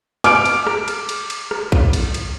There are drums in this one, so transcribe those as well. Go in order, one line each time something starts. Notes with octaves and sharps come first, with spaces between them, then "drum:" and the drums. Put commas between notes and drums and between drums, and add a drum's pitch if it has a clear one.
D6 F6 D7, drum: cymbal
drum: cymbal
drum: rim click
drum: cymbal
drum: cymbal
drum: cymbal
drum: rim click
drum: kick
drum: cymbal
drum: cymbal